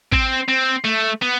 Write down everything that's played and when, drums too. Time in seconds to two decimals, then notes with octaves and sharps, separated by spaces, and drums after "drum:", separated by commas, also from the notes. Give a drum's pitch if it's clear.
0.12 C4, drum: kick
0.48 C4
0.84 A3
1.22 B3